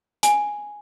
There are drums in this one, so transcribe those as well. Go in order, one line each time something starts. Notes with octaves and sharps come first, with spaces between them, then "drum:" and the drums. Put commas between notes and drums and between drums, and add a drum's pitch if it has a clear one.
G#5, drum: hi-hat